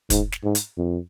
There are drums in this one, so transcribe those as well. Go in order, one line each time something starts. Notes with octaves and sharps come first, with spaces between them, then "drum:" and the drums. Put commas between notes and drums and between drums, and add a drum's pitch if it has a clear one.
G#2, drum: kick, hi-hat
drum: snare
G#2
drum: hi-hat
F2